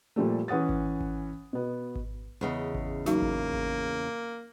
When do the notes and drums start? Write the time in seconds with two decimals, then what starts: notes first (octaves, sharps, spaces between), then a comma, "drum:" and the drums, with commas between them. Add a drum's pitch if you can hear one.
0.16 A#2 F3 G3 A3
0.48 E3 C#4 F#5 D#6 A6
0.69 drum: kick G#1
1.01 drum: kick G#1
1.53 B2 B3
1.95 drum: kick G#1
2.41 E2 C#3 D#5
2.75 drum: kick G#1
3.06 F#3 A#3 D#4 F#4, drum: snare
3.22 drum: kick G#1
3.54 drum: kick G#1